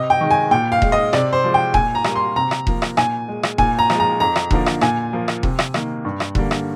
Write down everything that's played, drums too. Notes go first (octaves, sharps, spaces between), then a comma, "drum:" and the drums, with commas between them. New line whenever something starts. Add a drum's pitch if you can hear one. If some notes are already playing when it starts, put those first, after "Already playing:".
Already playing: C3 D#5
G5
D#3 G#3
G#5
A#2 G5
F5
G#3, drum: kick E1
D#5
C3 D5, drum: rim click
C5
F3 G#3
G5
A#2 G#5, drum: kick E1
A#5
G3 A#3, drum: rim click
C6
C3 A#5
drum: rim click
F3 A#3, drum: kick E1
drum: rim click
A#2 G#5, drum: rim click
G#3
drum: rim click
A#2 G#5, drum: kick E1
A#5
F3 G#3, drum: rim click
A#5
F2 A#5
drum: rim click
D3 F3 A#3, drum: kick E1
drum: rim click
A#2 G#5, drum: rim click
F3 A#3
drum: rim click
C3, drum: kick E1
drum: rim click
D#3 A#3, drum: rim click
G2
drum: rim click
D3 G3 A#3, drum: kick E1
drum: rim click